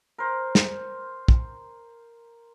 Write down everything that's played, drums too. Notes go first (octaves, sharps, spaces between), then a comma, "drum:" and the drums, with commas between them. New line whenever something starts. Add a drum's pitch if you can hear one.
A#4 C5
drum: snare
drum: kick